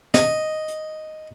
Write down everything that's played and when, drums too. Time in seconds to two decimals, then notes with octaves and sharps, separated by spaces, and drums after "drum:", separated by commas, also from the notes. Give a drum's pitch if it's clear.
0.14 D#5, drum: snare
0.68 drum: hi-hat